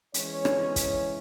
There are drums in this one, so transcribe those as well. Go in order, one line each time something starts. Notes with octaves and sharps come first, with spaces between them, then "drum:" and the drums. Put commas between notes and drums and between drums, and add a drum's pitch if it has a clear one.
E2 E3 G#3 C#4 C#5, drum: hi-hat
drum: rim click
drum: kick, hi-hat